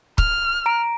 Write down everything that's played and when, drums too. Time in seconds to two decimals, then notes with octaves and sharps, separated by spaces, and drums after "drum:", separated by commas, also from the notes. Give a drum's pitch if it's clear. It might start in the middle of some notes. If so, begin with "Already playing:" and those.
0.18 F6, drum: kick
0.66 A#5 D7